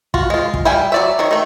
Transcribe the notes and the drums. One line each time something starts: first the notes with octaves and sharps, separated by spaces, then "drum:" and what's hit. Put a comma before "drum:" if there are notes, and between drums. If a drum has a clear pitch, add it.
F4 F#4, drum: kick
G#3 F4
drum: kick
G3 E4 F5 G5 G#5
F#3 D5 E5
D#3 C#5
D#3 A3